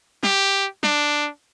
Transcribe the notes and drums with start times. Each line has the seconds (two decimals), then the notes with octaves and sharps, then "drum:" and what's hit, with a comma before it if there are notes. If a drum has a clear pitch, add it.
0.23 G4, drum: snare
0.83 D4, drum: snare